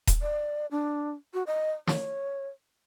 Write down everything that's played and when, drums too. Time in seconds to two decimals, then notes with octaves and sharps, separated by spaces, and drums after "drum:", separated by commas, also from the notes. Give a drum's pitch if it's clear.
0.07 drum: kick D#1, hi-hat
0.22 D5
0.71 D4
1.34 F#4
1.47 D#5
1.87 C#5, drum: snare